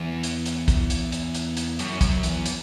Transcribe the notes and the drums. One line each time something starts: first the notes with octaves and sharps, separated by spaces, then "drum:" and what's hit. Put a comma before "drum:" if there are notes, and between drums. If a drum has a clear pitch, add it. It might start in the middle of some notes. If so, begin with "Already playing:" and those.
Already playing: E2
drum: hi-hat
drum: hi-hat
drum: kick, hi-hat
drum: hi-hat
drum: hi-hat
drum: hi-hat
drum: hi-hat
F#2, drum: hi-hat
F#2, drum: kick, hi-hat
E2, drum: hi-hat
drum: hi-hat